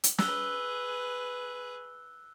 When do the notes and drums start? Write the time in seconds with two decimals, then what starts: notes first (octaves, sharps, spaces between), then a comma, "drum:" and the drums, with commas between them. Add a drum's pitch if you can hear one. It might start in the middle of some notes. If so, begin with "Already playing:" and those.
0.04 drum: hi-hat
0.18 G#4 B4 E6 F#6 G7, drum: snare